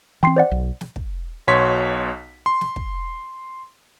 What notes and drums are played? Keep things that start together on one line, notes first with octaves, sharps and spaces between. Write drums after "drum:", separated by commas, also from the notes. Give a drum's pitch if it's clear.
E3 C4 G5 C6 C7
C5 D5 F#5
B1
drum: snare
drum: kick
B1 B2 C#5 C6 B6
C6
drum: snare
drum: kick